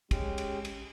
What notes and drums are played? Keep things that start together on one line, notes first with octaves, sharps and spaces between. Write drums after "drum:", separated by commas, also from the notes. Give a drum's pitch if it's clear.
G#3 C#4 G4, drum: kick, cymbal
drum: cymbal
drum: cymbal